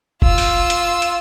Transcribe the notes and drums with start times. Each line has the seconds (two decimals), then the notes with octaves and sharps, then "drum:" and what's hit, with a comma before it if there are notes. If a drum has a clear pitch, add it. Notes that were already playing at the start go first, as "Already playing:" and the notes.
0.22 F4 E6, drum: kick F1
0.38 drum: open hi-hat
0.70 drum: hi-hat
1.02 drum: hi-hat